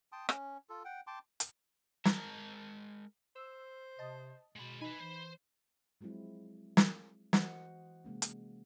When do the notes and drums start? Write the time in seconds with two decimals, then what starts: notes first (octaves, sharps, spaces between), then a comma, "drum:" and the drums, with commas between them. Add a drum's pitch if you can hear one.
0.12 G5 A5 C6 D#6
0.29 C#4, drum: rim click
0.70 F4 A4
0.85 F#5 G5
1.07 G5 A5 C6 D6
1.40 drum: hi-hat
2.05 G#3 A#4 A5 A#5, drum: snare
3.36 C5 E6
3.99 C3 D#5 A5
4.56 B2 G#3 B5
4.81 D#4 B4 G#5 B5
5.00 E3 C5
6.01 F3 F#3 G#3 C4 E4
6.77 drum: snare
7.33 E3 F#4 C5 D#5 F#5, drum: snare
8.05 C3 G#3 A#3 C#4
8.22 drum: hi-hat